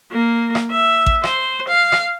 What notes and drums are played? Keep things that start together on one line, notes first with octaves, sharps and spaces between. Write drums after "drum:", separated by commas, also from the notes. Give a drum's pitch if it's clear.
A#3
drum: rim click
E5
drum: kick A1
C5, drum: rim click
F5
drum: rim click